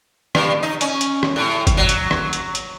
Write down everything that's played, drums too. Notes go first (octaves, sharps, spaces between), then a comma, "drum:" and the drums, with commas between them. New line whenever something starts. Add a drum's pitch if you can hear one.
G2, drum: rim click
D#4
C#4, drum: hi-hat
drum: hi-hat
drum: rim click
A2
drum: kick, hi-hat
F#3
drum: hi-hat
drum: rim click
drum: hi-hat
drum: hi-hat